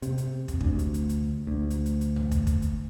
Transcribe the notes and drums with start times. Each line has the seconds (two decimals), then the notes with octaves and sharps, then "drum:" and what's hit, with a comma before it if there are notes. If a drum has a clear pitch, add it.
0.02 C3, drum: hi-hat
0.18 drum: hi-hat
0.48 drum: kick, hi-hat
0.61 D2, drum: kick
0.79 drum: hi-hat
0.94 drum: hi-hat
1.09 drum: hi-hat
1.47 D2
1.70 drum: hi-hat
1.86 drum: hi-hat
2.01 drum: hi-hat
2.16 drum: tom
2.31 drum: kick, hi-hat
2.47 drum: kick, hi-hat
2.62 drum: hi-hat